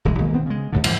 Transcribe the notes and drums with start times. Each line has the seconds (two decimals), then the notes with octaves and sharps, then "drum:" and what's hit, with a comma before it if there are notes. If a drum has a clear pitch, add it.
0.05 D1 B1 E3 G#3
0.18 B1 D#3 G#3 A#3
0.33 D#3 B3 C4
0.46 C#3 G#3
0.72 D#2 A2 D3
0.84 G#2 E3 F3, drum: cymbal